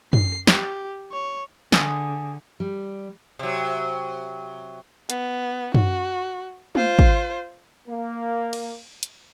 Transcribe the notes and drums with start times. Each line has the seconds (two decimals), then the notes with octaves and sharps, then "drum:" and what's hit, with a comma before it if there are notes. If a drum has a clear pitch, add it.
0.13 C7, drum: tom F#2
0.47 G4, drum: snare
1.12 C#5
1.72 D3 G#4 D#6, drum: snare
2.60 G3
3.39 C3 F#3
5.10 B3, drum: hi-hat
5.74 F#4, drum: tom F#2
6.75 F4 C5, drum: tom
6.99 drum: kick G#1
7.88 A#3
8.53 drum: cymbal
9.03 drum: hi-hat